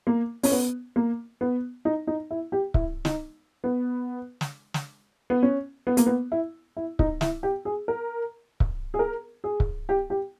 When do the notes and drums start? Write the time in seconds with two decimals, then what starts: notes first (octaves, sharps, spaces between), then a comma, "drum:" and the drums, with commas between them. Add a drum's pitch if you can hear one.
0.07 A#3
0.43 C#4, drum: open hi-hat
0.52 B3
0.96 A#3
1.41 B3
1.85 D#4
2.07 D#4
2.31 E4
2.52 G4
2.74 E4, drum: kick C#1
3.05 D#4, drum: snare
3.64 B3
4.41 drum: snare
4.74 drum: snare
5.30 B3
5.43 C#4
5.87 B3
5.97 A#3, drum: hi-hat
6.06 B3
6.32 E4
6.77 E4
6.99 D#4, drum: kick C#1
7.21 E4, drum: snare
7.43 G4
7.65 G#4
7.88 A#4
8.60 drum: kick C#1
8.94 G#4
8.99 A#4
9.44 G#4
9.60 drum: kick C#1
9.89 G4
10.10 G4